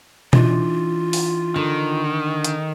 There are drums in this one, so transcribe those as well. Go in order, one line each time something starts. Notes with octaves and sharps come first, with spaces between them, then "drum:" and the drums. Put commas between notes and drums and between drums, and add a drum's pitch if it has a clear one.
E3 D4 D#4 F4, drum: tom B2
drum: open hi-hat
D3 D#3
drum: hi-hat